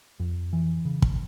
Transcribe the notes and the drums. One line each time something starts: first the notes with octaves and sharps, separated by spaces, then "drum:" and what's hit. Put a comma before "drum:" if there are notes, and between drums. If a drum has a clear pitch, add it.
F2
E3
C#3
drum: kick